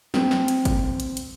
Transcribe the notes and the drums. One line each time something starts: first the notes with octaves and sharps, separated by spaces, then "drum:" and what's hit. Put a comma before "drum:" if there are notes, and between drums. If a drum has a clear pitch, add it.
C4, drum: snare
drum: snare
drum: hi-hat
drum: kick G1, hi-hat
drum: hi-hat
drum: hi-hat